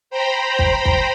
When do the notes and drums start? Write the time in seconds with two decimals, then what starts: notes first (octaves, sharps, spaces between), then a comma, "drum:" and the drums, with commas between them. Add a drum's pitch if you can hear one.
0.10 C5 G5 A#5 B5
0.59 drum: kick
0.85 drum: kick